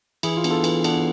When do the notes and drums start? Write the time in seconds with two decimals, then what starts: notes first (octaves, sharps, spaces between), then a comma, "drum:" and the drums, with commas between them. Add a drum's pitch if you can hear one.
0.23 E3 E4 G#4, drum: cymbal
0.37 F4
0.44 B3 D4, drum: cymbal
0.51 F4 A4
0.64 E3, drum: cymbal
0.84 B3 D4, drum: cymbal